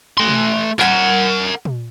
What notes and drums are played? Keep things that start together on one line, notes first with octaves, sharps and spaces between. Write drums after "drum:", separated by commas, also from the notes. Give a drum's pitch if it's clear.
A3 C6
drum: tom B2
A#4 F#5, drum: clap
drum: tom A#2